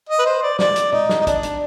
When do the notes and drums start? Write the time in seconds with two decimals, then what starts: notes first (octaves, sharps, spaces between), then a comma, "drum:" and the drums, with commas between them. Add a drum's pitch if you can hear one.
0.09 D#5
0.19 B4
0.26 C5
0.42 D5
0.59 D5, drum: snare
0.76 drum: hi-hat
0.92 D#4, drum: tom
1.09 drum: snare
1.21 D#4
1.27 D4, drum: kick, hi-hat
1.43 drum: hi-hat